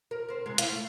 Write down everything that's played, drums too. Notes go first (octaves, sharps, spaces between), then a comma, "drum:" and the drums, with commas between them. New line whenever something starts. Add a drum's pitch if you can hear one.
A#4
C4 A#4
C3 G#3
E4 F5, drum: hi-hat
A3